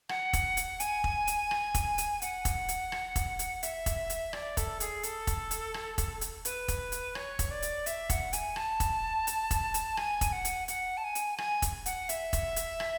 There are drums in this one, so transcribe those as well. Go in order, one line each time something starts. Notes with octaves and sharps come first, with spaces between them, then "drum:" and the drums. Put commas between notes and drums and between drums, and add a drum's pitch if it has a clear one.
F#5, drum: rim click
drum: kick, hi-hat
drum: hi-hat
G#5, drum: hi-hat
drum: kick
drum: hi-hat
drum: rim click
drum: kick, hi-hat
drum: hi-hat
F#5, drum: hi-hat
drum: kick, hi-hat
drum: hi-hat
drum: rim click
drum: kick, hi-hat
drum: hi-hat
E5, drum: hi-hat
drum: kick, hi-hat
drum: hi-hat
D5, drum: rim click
A4, drum: kick, hi-hat
G#4, drum: hi-hat
A4, drum: hi-hat
drum: kick, hi-hat
drum: hi-hat
drum: rim click
drum: kick, hi-hat
drum: hi-hat
B4, drum: hi-hat
drum: kick, hi-hat
drum: hi-hat
C#5, drum: rim click
drum: kick, hi-hat
D5
drum: hi-hat
E5, drum: hi-hat
F#5, drum: kick, hi-hat
G#5, drum: hi-hat
A5, drum: rim click
drum: kick, hi-hat
drum: hi-hat
drum: kick, hi-hat
drum: hi-hat
G#5, drum: rim click
drum: kick, hi-hat
F#5
drum: hi-hat
F#5, drum: hi-hat
A5
G#5
drum: hi-hat
G#5, drum: rim click
drum: kick, hi-hat
F#5, drum: hi-hat
E5, drum: hi-hat
drum: kick, hi-hat
drum: hi-hat
drum: rim click